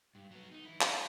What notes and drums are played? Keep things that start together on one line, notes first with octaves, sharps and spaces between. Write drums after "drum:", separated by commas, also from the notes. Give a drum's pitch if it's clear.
G2
F#3 B3
D#4
E3 E4
C5, drum: clap